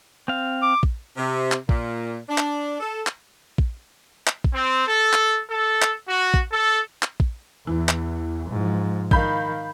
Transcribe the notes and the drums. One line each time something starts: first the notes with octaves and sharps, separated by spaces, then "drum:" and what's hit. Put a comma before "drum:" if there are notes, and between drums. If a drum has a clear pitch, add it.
C4 F5
D6
drum: kick
C3
drum: clap
A#2, drum: kick
D4
drum: clap
A4
drum: clap
drum: kick
drum: clap
drum: kick
C4
A4
drum: clap
A4
drum: clap
F#4
drum: kick
A4
drum: clap
drum: kick
E2 E3
drum: clap
G#2 F3
D#3 F5 B5 G6, drum: kick